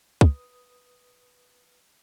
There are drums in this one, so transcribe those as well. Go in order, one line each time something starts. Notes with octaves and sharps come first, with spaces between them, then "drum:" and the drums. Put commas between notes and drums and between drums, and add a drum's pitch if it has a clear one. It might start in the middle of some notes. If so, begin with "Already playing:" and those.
B4 D#6, drum: kick